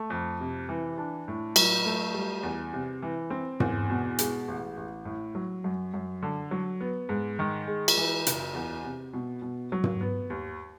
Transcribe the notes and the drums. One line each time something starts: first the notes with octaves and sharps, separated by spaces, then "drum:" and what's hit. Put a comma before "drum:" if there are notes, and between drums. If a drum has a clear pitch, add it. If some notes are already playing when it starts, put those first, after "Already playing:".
Already playing: A3
F2
C3
E3
D4
A2
F#3, drum: cymbal
A3
G3
E2
C3
E3
C4
E2, drum: tom
B2
G#3, drum: hi-hat
A1
A1
A2
F#3
F#2
F#2
D3
F#3
B3
G#2
D#3
G#3
drum: cymbal
E3
F#1, drum: hi-hat
E2
C3
B2
B2
F#3
drum: tom
B3
D#2